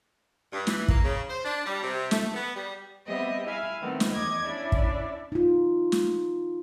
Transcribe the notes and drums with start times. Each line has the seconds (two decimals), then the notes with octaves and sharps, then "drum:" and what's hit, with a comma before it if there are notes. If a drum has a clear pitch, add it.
0.52 G2
0.67 E3, drum: snare
0.88 A#3, drum: kick
1.03 C#3
1.28 C5
1.44 D4
1.65 G3
1.82 C3
2.11 A3, drum: snare
2.34 B3
2.55 G3
3.06 G3 B3 C4 G4 D#5 E5
3.46 E4 E5 F5 G#5 B5
3.80 D#3 G3 A3 B3 C4
4.00 drum: snare
4.13 E2 D#5 D6 G#6
4.44 C#4 D4 E4 D5 E5
4.72 drum: kick
5.32 D#4 F4
5.92 drum: snare